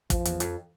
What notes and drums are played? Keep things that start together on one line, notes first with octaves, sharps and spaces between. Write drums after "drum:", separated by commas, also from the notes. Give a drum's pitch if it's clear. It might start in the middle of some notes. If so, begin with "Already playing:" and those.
F2 F3, drum: kick, hi-hat
E2, drum: hi-hat
F2, drum: hi-hat